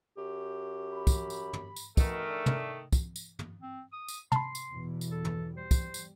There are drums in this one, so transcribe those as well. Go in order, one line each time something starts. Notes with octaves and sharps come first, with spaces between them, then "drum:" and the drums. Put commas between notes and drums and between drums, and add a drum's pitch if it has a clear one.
F#2 G4
B5
drum: kick, tambourine
drum: tambourine
drum: tom
drum: tambourine
B2 D#3 A3 G#4 A#4, drum: kick, tambourine
D4
drum: tom
drum: kick, tambourine
drum: tambourine
drum: tom
C4
D#6
drum: tambourine
A5 B5 C6, drum: tom
drum: tambourine
E2 B2 E3
drum: tambourine
A4
drum: tom
G3 C5
drum: kick, tambourine
drum: tambourine